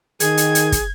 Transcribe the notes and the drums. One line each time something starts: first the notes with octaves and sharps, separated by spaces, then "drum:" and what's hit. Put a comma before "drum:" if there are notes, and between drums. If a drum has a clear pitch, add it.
D#3 G#4 G#6, drum: hi-hat
drum: hi-hat
drum: hi-hat
drum: kick, hi-hat